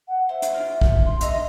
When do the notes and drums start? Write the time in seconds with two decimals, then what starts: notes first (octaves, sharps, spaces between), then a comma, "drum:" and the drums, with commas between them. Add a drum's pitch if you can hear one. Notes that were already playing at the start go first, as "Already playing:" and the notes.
0.08 F#5
0.29 C5 E5
0.42 drum: hi-hat
0.54 A#3 F4
0.81 drum: kick
1.05 C6
1.21 D#5 E5 A#5 E6, drum: hi-hat